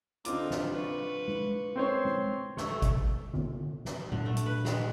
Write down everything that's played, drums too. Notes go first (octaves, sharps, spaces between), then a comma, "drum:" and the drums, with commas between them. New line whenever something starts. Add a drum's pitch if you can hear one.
D3 C4 D#4 F4 D6, drum: hi-hat
drum: snare
B4 C#6
drum: tom G#3
C4 C5 C#5 C6
drum: tom G#3
A3 C#6, drum: snare
drum: kick G#1, hi-hat
drum: tom D3
drum: snare
D3, drum: tom A#2
A3
drum: hi-hat
B4
G#3, drum: snare